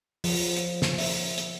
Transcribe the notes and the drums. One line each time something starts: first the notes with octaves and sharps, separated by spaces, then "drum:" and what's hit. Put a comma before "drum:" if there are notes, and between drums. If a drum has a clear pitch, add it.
F3, drum: open hi-hat
drum: hi-hat
drum: snare
E5, drum: open hi-hat
drum: hi-hat